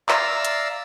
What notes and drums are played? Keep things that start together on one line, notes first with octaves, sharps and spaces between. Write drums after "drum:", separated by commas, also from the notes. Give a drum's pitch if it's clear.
D5 E5 F5 A#5 E6, drum: clap
drum: hi-hat